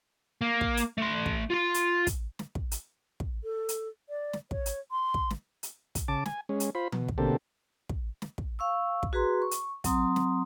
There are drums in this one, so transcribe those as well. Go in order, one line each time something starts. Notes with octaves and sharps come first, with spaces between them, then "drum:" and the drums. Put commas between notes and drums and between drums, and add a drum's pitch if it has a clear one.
A#3
drum: kick
drum: hi-hat
A3 C6
drum: kick
F4 C6
drum: hi-hat
drum: kick, hi-hat
drum: snare
drum: kick
drum: hi-hat
drum: kick
A4
drum: hi-hat
D5
drum: snare
C#5, drum: kick
drum: hi-hat
C6
drum: kick
drum: snare
drum: hi-hat
drum: kick, hi-hat
C#3 A5 D6
G#5, drum: snare
G#3 C#4
drum: hi-hat
F4 C5 B5
B2, drum: tom E3
drum: kick
B2 D3 A#3 C4 G4 A4
drum: kick
drum: snare
drum: kick
F5 C#6 E6
drum: kick
F#4 G#4 B4 A#5 C6
C#6
drum: hi-hat
F#3 C4 A#5 C6 D#6, drum: kick, hi-hat
drum: snare